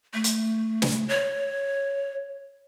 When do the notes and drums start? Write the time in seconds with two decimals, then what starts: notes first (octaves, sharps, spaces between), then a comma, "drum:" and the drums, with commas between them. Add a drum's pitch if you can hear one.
0.14 A3
0.24 drum: hi-hat
0.82 drum: snare
1.09 C#5